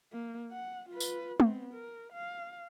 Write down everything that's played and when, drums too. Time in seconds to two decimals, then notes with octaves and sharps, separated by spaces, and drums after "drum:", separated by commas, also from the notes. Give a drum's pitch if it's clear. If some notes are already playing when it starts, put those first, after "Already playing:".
0.12 A#3
0.52 F#5
0.90 F4 B4
1.00 drum: tambourine
1.40 B3 C4, drum: tom
1.74 A#4
2.13 F5